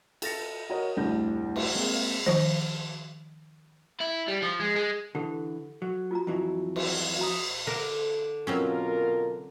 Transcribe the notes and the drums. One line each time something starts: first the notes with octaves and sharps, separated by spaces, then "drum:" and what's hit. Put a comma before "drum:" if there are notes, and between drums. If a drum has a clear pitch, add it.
A4 A6 A#6 C#7, drum: cymbal
F#4 A#4 C#5 D#5
F1 D2 A2 G3 G6 A#6
drum: cymbal
G#3 A#3 C4 G#4
D#3 F3 C5, drum: snare
E4
G3
F3
G#3
G#3
D3 E3 G4 A4
F#3
F4 F#4 A#5
F2 E3 F#3
drum: cymbal
F#4 A#5 D#6
D3 A#4
B2 F#3 C4 C#4 F4 A#4